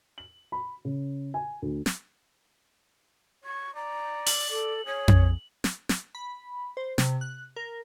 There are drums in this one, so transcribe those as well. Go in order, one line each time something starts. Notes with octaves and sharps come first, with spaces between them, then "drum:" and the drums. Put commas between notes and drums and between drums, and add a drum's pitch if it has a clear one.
F#7
B5
C#3
G#5
D2
drum: snare
C#5 C#6
D5 A#5
F#7, drum: open hi-hat
A4 D5
G#4 C#5
drum: tom F2
drum: snare
drum: snare
B5
C5
C3, drum: snare
F#6
A#4